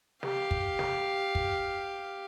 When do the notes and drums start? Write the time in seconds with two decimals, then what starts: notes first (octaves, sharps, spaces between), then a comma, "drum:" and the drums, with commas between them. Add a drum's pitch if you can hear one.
0.23 G4 F5, drum: snare
0.51 drum: kick
0.79 drum: snare
1.35 drum: kick